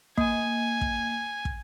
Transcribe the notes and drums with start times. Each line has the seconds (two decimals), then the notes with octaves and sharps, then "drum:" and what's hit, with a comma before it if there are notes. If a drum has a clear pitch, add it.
0.18 A#3 G#5, drum: kick
0.81 drum: kick
1.45 drum: kick